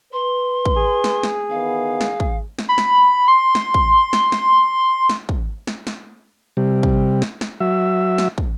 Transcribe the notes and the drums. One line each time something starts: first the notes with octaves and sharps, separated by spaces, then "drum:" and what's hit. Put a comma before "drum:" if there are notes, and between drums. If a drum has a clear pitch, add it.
B4 C6
drum: kick
G#4
drum: snare
drum: snare
D#3 E3 B3 F5
drum: snare
drum: kick
drum: snare
B5
drum: snare
C6
drum: snare
drum: kick
drum: snare
drum: snare
drum: snare
drum: kick
drum: snare
drum: snare
C3 G3
drum: kick
drum: snare
drum: snare
F#3 E5
drum: snare
drum: kick